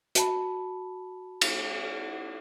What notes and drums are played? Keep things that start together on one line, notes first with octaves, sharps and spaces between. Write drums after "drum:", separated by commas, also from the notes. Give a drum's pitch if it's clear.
F#4 A5 B5, drum: hi-hat
drum: cymbal